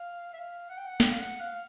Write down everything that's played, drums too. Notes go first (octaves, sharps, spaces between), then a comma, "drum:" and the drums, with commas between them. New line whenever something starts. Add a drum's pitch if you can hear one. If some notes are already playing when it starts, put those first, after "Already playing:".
Already playing: F5
E5
F5
F#5
G5
F#5
G5, drum: snare
F5
F#5
F5